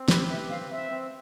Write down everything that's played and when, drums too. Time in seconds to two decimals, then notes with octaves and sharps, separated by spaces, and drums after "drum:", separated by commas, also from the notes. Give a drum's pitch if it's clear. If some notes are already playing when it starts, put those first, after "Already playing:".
Already playing: C4
0.08 G4 B4, drum: snare
0.29 B4 E5
0.49 C4 F5
0.71 C4 E5
0.91 C4